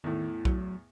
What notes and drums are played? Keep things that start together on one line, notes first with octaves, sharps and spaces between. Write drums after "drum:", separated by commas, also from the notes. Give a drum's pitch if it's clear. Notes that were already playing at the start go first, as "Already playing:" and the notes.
E2 A2 D#3 E4
F#3, drum: kick B1